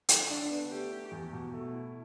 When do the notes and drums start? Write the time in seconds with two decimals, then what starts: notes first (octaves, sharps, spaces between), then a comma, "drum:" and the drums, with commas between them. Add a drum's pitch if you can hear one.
0.09 A4, drum: hi-hat
0.29 D3 D4
0.50 B3
0.71 A3 G4
0.91 E4
1.12 E2
1.33 B2
1.53 A3
1.73 E4